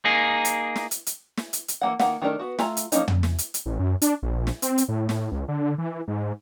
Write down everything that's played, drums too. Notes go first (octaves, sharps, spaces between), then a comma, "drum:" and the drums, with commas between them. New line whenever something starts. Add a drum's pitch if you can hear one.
A#3 D#4 G#4
drum: hi-hat
drum: snare
drum: hi-hat
drum: hi-hat
drum: snare
drum: hi-hat
drum: hi-hat
E3 A#3 F#5
D#3 A#3 F#5, drum: snare
D#3 A3 D4 A#4
B3 F#4
A3 F4 G#5 A#5, drum: snare
drum: hi-hat
F3 F#3 A#3 C#4 D#4, drum: hi-hat
drum: tom
drum: snare
drum: hi-hat
drum: hi-hat
A1
F#2
D4, drum: hi-hat
A#1
drum: snare
C4, drum: hi-hat
drum: hi-hat
A2
A2, drum: snare
C#2
D3
E3
G#2